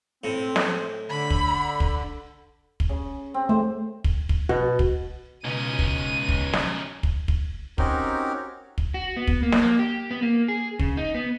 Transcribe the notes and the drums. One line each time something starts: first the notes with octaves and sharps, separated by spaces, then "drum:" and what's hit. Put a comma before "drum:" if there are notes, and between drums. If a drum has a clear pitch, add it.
A2 C4
drum: snare
D3 B5
drum: kick
drum: kick
drum: kick
C#3
C4
A3 C5
drum: kick
drum: kick
B2 F#4
drum: kick
C#2 B2 C#4 D#4 D#7
drum: kick
drum: kick
drum: snare
drum: kick
drum: kick
C4 C#4 D#4 F#4 G4 A#4, drum: kick
drum: kick
F#4
B3
drum: kick
A#3
drum: snare
A#3
G4
B3
A#3
G#4
C#3, drum: kick
D#4
B3